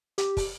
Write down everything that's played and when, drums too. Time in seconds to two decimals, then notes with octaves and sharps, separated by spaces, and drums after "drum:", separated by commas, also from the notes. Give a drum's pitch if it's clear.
0.18 G4, drum: hi-hat
0.37 drum: kick, open hi-hat